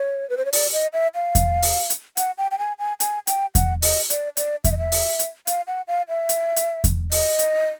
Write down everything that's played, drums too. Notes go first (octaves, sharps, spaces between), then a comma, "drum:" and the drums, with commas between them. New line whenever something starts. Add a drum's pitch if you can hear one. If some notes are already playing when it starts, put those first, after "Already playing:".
Already playing: C#5
B4
C5
C#5
D5, drum: open hi-hat
D#5
E5
F5
drum: kick E2, hi-hat
drum: open hi-hat
drum: hi-hat
F#5, drum: hi-hat
G5
G5
G#5
G#5
G#5, drum: hi-hat
G5, drum: hi-hat
F#5, drum: kick E2, hi-hat
D#5, drum: open hi-hat
D5, drum: hi-hat
D5, drum: hi-hat
E5, drum: kick E2, hi-hat
D#5
E5
drum: open hi-hat
drum: hi-hat
F5, drum: hi-hat
F#5
F5
E5
drum: hi-hat
drum: hi-hat
drum: kick E2, hi-hat
D#5, drum: open hi-hat
drum: hi-hat